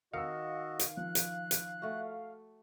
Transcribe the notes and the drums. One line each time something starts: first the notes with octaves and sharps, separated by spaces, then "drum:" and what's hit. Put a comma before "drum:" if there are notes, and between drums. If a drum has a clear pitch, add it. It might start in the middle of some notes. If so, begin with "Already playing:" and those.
D#3 F#4 D#5 F5 E6 C#7
drum: hi-hat
F3 F#6
drum: hi-hat
drum: hi-hat
A3 F#4